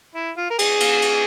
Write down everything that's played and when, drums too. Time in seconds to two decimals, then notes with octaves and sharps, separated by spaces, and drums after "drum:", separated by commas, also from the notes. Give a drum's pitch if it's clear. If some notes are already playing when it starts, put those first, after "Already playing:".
0.15 E4
0.37 F4
0.51 A#4
0.59 G#4, drum: cymbal
0.80 drum: cymbal
1.02 drum: cymbal